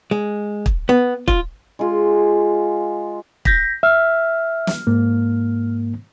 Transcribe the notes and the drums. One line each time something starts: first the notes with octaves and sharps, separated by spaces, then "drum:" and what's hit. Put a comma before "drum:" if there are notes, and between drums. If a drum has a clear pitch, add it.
G#3
drum: kick
B3
F4, drum: kick
G#3 F4
G6 A#6 B6, drum: kick
E5 F6
drum: snare
G#2 A#3